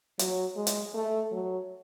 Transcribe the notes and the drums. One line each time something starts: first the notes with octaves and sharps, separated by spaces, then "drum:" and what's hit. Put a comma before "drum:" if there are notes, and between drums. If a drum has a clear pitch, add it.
F#3, drum: hi-hat
G#3
drum: hi-hat
A3
F#3